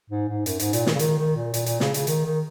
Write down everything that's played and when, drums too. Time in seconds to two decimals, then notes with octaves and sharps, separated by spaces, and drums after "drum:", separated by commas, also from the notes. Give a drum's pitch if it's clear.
0.10 G#2
0.28 G#2
0.46 F#2, drum: hi-hat
0.60 G#2, drum: hi-hat
0.73 A#2, drum: hi-hat
0.86 D#3, drum: snare
0.95 C#3
0.99 D#3, drum: hi-hat
1.18 D#3
1.36 A#2
1.54 A#2, drum: hi-hat
1.66 A#2, drum: hi-hat
1.80 C#3, drum: snare
1.94 C#3, drum: hi-hat
2.07 D#3, drum: hi-hat
2.25 D#3